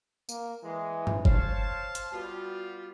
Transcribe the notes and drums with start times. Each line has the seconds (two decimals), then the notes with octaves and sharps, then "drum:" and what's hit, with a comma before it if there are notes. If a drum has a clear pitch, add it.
0.29 A#3, drum: tambourine
0.63 E3 G#3
1.07 drum: tom G2
1.25 C5 C#5 F5 A5, drum: kick G1
1.95 drum: hi-hat
2.13 G3 B3 F4 F#4